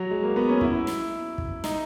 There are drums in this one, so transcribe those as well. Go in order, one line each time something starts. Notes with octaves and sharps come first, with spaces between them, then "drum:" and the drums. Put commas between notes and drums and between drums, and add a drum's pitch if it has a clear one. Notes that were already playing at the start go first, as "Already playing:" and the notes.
Already playing: F#3
G#3
A#3
B3
C#4
E4, drum: kick
drum: snare
drum: kick
D#4, drum: snare